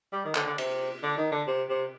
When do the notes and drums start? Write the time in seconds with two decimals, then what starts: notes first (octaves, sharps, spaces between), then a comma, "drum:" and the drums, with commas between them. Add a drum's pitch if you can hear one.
0.13 G3
0.25 D#3
0.35 D3, drum: clap
0.46 D3
0.58 C3, drum: cymbal
1.03 D3
1.18 D#3
1.32 D3
1.47 C3
1.69 C3